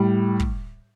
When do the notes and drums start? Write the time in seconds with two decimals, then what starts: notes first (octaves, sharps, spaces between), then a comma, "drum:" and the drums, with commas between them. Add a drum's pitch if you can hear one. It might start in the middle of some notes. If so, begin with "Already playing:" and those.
Already playing: A2 G3
0.40 drum: kick